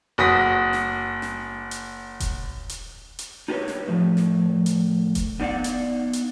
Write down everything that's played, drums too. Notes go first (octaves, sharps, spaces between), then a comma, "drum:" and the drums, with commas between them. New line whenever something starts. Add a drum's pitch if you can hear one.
F#1 F#4 D#6 A#6 B6
drum: snare
drum: snare
drum: hi-hat
drum: kick E1, hi-hat
drum: hi-hat
drum: hi-hat
D#4 F4 G4 G#4 B4 C#5
drum: snare
A2 F3
drum: snare
drum: hi-hat
drum: kick E1, hi-hat
B3 D#4 D5 F5 F#5
drum: hi-hat
drum: hi-hat